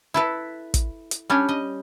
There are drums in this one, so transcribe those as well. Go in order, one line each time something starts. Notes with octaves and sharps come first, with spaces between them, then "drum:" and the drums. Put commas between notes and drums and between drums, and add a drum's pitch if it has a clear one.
E4 A4 B4
drum: kick, hi-hat
drum: hi-hat
G3 C#4 D4
D#5